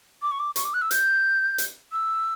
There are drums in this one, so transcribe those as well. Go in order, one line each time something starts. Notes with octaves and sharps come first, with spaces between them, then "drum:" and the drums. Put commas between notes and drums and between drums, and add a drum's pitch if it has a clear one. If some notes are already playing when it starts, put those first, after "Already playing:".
D6
C#6
D6
C#6, drum: hi-hat
D6
F#6
E6
G6, drum: hi-hat
drum: hi-hat
E6